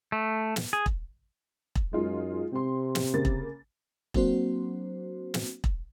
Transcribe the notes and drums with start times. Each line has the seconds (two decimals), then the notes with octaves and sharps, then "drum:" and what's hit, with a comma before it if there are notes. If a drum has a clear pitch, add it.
0.12 A3
0.56 drum: snare
0.73 G#4
0.86 drum: kick E1
1.75 drum: kick E1
1.93 F#2 G#3 D#4 F4
2.52 C3 C4 C6
2.95 drum: snare
3.14 C#3 A#3 A6
3.25 drum: kick E1
4.14 F#3 A#3 C4 D4 F#4 C5, drum: kick E1
5.34 drum: snare
5.64 drum: kick E1